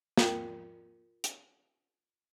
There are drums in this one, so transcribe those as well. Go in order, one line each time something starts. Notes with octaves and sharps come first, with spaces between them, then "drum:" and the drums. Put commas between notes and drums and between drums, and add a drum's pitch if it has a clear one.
F4 A#4 G5, drum: snare
drum: hi-hat